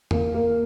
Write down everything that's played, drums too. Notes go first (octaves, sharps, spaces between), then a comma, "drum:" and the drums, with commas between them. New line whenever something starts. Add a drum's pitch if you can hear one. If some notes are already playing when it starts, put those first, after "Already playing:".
A#3, drum: tom E2
A#3